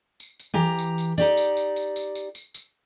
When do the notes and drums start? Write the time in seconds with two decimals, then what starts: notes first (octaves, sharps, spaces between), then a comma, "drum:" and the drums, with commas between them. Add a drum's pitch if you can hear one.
0.20 drum: tambourine
0.40 drum: tambourine
0.54 E3 G4 A#5
0.79 drum: tambourine
0.98 drum: tambourine
1.18 D#4 G4 D5, drum: tambourine
1.37 drum: tambourine
1.57 drum: tambourine
1.76 drum: tambourine
1.96 drum: tambourine
2.15 drum: tambourine
2.35 drum: tambourine
2.54 drum: tambourine